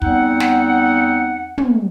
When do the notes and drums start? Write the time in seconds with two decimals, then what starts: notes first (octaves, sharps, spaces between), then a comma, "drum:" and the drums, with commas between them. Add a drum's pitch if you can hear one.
0.02 E2 G3 C4 D#4 F#5, drum: kick
0.40 drum: snare
1.58 drum: tom